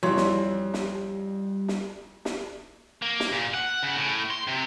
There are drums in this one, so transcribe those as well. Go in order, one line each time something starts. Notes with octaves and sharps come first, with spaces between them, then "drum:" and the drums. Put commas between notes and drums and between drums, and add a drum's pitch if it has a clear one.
F2 E3 G3 F#4 C#5 D5 C6
drum: snare
drum: snare
drum: snare
drum: snare
A#3
drum: snare
A#2
F#5
C#3
A2
C6
C3